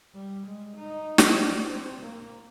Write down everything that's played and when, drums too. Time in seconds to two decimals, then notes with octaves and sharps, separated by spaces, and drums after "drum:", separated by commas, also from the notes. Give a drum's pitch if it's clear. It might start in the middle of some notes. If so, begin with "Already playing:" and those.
0.14 G3
0.46 G#3
0.76 D#4
1.18 drum: snare
1.40 D4
1.70 C4
2.01 A#3